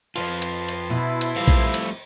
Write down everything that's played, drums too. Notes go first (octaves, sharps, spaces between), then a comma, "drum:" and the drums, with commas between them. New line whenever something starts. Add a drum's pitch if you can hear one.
F2 A#2 F4 B4 A5 C6, drum: cymbal
drum: cymbal
drum: cymbal
B2 E4
drum: cymbal
F3 G3 A3 C4 F5
drum: kick A#1, cymbal
drum: cymbal